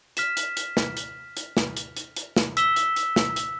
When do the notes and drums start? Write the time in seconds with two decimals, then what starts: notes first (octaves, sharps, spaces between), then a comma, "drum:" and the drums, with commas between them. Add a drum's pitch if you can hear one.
0.17 F6 B6 E7, drum: hi-hat
0.37 drum: hi-hat
0.57 drum: hi-hat
0.77 drum: snare
0.97 drum: hi-hat
1.37 drum: hi-hat
1.57 drum: snare
1.77 drum: hi-hat
1.97 drum: hi-hat
2.17 drum: hi-hat
2.36 drum: snare
2.57 E6 B6 E7 G7, drum: hi-hat
2.76 drum: hi-hat
2.96 drum: hi-hat
3.16 drum: snare
3.36 drum: hi-hat